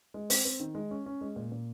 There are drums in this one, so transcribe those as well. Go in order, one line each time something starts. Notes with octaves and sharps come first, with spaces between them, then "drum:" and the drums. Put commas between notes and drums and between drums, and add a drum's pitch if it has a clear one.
G#3
C4, drum: open hi-hat
C4
D#3
G#3
C#4
C#4
G#3
A#2
A#2